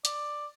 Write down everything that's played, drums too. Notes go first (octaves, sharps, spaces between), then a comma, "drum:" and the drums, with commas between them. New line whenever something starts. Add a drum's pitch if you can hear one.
D5, drum: hi-hat